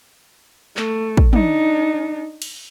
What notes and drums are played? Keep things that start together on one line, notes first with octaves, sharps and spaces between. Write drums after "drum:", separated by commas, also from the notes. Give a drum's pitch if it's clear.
A3, drum: clap
drum: kick
D4 D#4, drum: tom
drum: cymbal